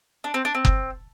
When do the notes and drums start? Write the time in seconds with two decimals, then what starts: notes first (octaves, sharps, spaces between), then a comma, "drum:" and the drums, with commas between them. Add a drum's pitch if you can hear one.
0.24 D4
0.34 C4
0.45 D4
0.55 C4
0.65 drum: kick F#1